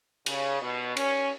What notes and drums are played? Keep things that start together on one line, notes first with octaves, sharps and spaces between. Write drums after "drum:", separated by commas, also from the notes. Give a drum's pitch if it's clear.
C#3, drum: cymbal
B2
C#4, drum: cymbal